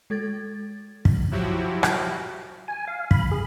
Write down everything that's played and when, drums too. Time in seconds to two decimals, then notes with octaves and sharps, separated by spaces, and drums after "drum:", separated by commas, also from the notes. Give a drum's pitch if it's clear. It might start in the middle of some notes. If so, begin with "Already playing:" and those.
0.10 G#3 A4 G#6 A6
1.05 drum: kick
1.31 F3 F#3 E4 F#4 G4
1.83 drum: rim click
2.68 G#5
2.87 F5
3.11 B5, drum: kick
3.31 G#4